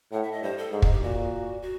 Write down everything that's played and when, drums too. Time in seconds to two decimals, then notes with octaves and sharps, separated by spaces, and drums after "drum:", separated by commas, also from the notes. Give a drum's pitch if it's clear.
0.13 A2 F#5
0.22 E5
0.32 D#5
0.42 G2 C5
0.58 A4
0.72 G#2 G#4
0.82 G#4, drum: kick
0.92 G4
1.02 A#2 F#4
1.62 F#4